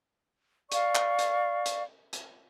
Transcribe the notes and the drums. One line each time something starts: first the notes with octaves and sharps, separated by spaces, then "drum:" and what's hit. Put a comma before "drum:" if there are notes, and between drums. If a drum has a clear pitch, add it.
D5 F5 C#6, drum: hi-hat
drum: clap
drum: hi-hat
drum: hi-hat
drum: hi-hat